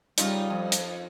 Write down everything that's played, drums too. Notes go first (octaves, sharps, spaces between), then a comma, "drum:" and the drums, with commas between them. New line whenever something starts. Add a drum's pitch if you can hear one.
C#3 G3 D#4 F4, drum: hi-hat
F2
drum: hi-hat